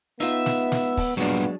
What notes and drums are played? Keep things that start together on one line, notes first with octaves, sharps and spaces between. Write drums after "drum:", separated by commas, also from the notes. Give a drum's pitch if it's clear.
B3 D#4 F4 E5, drum: hi-hat
drum: snare
drum: snare
drum: kick, open hi-hat
G2 A#2 F#3 G#3 B3 D4